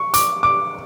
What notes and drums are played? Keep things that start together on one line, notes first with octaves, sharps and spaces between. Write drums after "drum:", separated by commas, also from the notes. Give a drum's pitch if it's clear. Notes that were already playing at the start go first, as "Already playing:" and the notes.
Already playing: C#6
D6, drum: hi-hat
D6